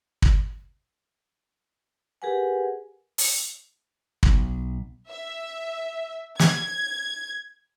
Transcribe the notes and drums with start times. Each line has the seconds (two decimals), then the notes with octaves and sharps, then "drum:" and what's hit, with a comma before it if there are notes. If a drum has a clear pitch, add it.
0.22 drum: kick
2.22 G4 G#4 A#4 B4 F#5 G#5
3.18 drum: open hi-hat
4.23 B1, drum: kick
5.09 E5
6.39 G#6, drum: snare